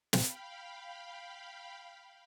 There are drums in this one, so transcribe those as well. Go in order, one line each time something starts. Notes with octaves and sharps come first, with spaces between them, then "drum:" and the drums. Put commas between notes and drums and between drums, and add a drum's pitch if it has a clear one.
F5 G5 B5, drum: snare